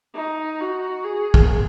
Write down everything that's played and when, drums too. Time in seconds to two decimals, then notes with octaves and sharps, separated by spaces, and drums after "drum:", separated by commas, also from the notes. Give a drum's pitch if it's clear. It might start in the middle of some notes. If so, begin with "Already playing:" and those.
0.15 D#4
0.60 F#4
1.04 G#4
1.34 drum: kick